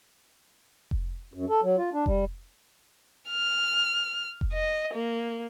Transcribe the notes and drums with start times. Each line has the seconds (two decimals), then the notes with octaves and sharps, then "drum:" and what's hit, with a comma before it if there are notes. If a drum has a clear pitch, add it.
0.91 drum: kick F1
1.34 F#2
1.49 A4
1.63 F#3
1.78 F4
1.93 D4
2.06 G3, drum: kick F1
3.30 F6
4.41 drum: kick F1
4.53 D#5
4.94 A#3